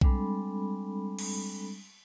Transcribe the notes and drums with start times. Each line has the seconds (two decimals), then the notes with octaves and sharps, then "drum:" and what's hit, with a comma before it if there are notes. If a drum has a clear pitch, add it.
0.01 G3 G#3 C4 D4 A4 B5, drum: kick B1
1.19 drum: cymbal